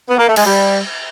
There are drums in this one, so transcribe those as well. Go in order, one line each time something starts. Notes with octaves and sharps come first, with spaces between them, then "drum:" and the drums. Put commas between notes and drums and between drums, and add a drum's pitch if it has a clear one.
B3
A#3
A3
G#3, drum: cymbal
G3